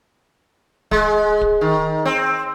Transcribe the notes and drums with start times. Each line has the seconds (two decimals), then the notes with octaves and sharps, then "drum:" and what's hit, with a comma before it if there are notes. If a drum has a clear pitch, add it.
0.91 G#3, drum: kick D1
1.41 drum: kick D1
1.61 D#3
2.05 C4